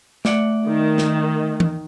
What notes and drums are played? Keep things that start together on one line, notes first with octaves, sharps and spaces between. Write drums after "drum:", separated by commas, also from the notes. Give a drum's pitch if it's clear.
A3 D5 F#5, drum: snare
D#3
drum: snare
drum: tom